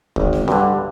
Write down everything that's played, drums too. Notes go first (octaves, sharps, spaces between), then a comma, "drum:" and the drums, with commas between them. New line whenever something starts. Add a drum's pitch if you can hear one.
G#1, drum: kick
drum: snare
G2 D3, drum: snare